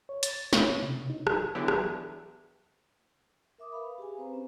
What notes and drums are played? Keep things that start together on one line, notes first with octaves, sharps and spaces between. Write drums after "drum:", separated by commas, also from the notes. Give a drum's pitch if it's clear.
C#5
A6, drum: hi-hat
C#5, drum: snare
C3
D#4
drum: rim click
D3 E3 F#3 B3 E4 G4
drum: rim click
A#4 E5 D6 D#6
B4 F5 B5
G4 G#4 F5 G#5
C4 B4 C5 A#5
C#4